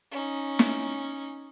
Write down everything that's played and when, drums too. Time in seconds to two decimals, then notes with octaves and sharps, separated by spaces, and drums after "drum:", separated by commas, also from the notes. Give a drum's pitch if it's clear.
0.11 C#4 D#4
0.59 drum: snare